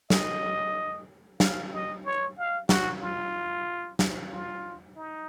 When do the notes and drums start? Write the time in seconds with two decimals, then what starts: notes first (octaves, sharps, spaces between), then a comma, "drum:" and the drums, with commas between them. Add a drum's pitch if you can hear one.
0.10 D#5, drum: snare
1.40 F5, drum: snare
1.73 D#5
2.05 C#5
2.38 F5
2.69 F#4, drum: snare
3.02 F4
3.99 drum: snare
4.31 F4
4.96 D#4